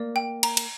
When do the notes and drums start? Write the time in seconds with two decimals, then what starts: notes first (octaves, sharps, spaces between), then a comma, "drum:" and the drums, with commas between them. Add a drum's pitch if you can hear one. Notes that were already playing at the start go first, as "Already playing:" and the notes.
Already playing: A#3 D5
0.16 G5
0.43 A#5, drum: cymbal
0.57 drum: cymbal